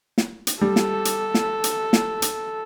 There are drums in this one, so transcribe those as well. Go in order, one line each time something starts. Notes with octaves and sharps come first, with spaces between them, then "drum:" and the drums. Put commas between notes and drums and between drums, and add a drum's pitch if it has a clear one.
drum: snare
drum: hi-hat
G3 A4
drum: snare
drum: hi-hat
drum: snare
drum: hi-hat
drum: snare
drum: hi-hat